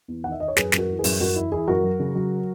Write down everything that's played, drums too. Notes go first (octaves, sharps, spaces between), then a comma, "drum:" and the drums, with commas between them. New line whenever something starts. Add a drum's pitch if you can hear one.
E2
D#3 F#5
E5
D#3 D#5
C#5
F#2 G#4 B4, drum: snare
F#2, drum: snare
F#4 A#4
E3
G#4 B4
F#2, drum: open hi-hat
F#2 F#4 A#4
E3 E4
E3 E4 G#4
F#2 F#4 A#4
F#3
C#3
F#3